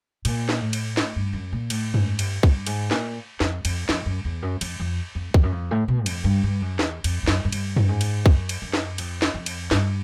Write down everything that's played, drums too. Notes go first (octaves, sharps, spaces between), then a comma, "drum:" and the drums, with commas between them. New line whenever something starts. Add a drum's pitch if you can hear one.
A#2, drum: cymbal
drum: snare
A2
drum: cymbal
drum: snare
G2
F#2
A#2
A2, drum: cymbal
G#2, drum: tom F#2
G2, drum: cymbal
G2, drum: kick
G#2, drum: cymbal
A#2, drum: snare
F2, drum: snare
F2, drum: cymbal
F2, drum: snare
F#2
E2
F#2
F2, drum: cymbal
F2
F2
E2, drum: kick
F#2
F2
A2
B2
F2, drum: cymbal
G2
G2
F#2
E2, drum: snare
F2, drum: cymbal
F2
F#2, drum: snare
F#2
G2, drum: cymbal
drum: tom F#2
G#2
drum: cymbal
F#2, drum: kick
drum: cymbal
F#2
drum: snare
F2, drum: cymbal
drum: snare
F2
drum: cymbal
G2, drum: snare